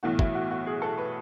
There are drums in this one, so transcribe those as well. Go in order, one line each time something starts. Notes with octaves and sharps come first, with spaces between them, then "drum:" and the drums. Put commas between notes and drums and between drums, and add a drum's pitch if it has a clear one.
B1 A2 E3 F#4
E4, drum: kick
F#4
F#4
G#4
A4
B4